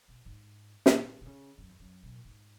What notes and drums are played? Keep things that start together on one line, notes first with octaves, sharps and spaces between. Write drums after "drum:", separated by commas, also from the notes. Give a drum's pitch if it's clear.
B2
G#2
B2, drum: snare
A#2
B2
C#3
F#2
E2
F#2
B2
A#2
G#2